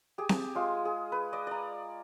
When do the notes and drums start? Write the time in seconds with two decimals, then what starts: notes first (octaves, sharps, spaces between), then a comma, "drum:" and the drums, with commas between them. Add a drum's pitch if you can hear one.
0.18 G4 G#4 G#5
0.29 drum: snare C4
0.55 G#3 F4
0.85 G#4
1.12 B4
1.33 D5 D#5
1.47 D5 A#5